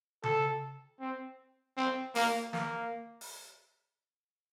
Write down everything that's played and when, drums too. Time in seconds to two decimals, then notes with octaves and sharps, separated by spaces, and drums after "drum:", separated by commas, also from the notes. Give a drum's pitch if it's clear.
0.23 A4, drum: tom C#3
1.00 C4
1.77 C4
2.15 A#3, drum: open hi-hat
2.53 A#3, drum: snare
3.21 drum: open hi-hat